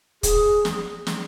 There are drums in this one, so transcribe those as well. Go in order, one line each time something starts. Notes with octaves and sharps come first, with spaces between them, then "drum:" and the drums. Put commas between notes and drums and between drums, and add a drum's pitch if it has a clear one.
G#4, drum: kick, hi-hat
drum: snare
drum: snare